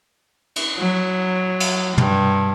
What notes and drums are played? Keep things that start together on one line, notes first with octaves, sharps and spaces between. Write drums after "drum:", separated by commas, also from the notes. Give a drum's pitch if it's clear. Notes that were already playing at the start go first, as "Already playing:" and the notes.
drum: cymbal
F#3
drum: cymbal
G2, drum: tom